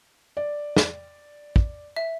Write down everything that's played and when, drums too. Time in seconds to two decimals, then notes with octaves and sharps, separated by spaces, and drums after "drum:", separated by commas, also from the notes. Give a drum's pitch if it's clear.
0.37 D5
0.77 drum: snare
1.56 drum: kick
1.96 E5